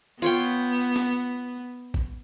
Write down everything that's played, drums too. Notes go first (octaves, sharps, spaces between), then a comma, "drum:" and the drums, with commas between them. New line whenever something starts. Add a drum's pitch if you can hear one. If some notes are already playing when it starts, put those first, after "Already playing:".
B3 F4 C#5 G5
drum: snare
drum: kick